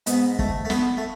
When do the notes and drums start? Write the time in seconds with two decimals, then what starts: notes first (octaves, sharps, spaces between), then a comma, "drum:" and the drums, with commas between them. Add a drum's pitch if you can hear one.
0.06 G#2 B3, drum: hi-hat
0.39 A3, drum: kick
0.65 A3
0.70 B3, drum: snare
0.97 A3